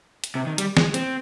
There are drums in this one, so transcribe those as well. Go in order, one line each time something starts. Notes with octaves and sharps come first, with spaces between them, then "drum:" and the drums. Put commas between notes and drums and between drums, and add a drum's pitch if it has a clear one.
drum: hi-hat
C3
D#3
G3, drum: hi-hat
G#3, drum: snare
C4, drum: hi-hat